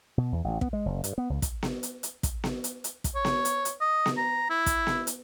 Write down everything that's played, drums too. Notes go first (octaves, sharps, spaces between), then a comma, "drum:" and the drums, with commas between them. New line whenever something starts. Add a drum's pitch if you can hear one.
B2
E2
A1
B3, drum: kick
G#3
F#1
G2, drum: hi-hat
B3
C#2
drum: kick, hi-hat
drum: snare B3
drum: hi-hat
drum: hi-hat
drum: kick, hi-hat
drum: snare B3
drum: hi-hat
drum: hi-hat
drum: kick, hi-hat
C#5
drum: snare B3
drum: hi-hat
drum: hi-hat
D#5
drum: snare B3
A#5
E4
drum: kick, hi-hat
drum: snare B3
drum: hi-hat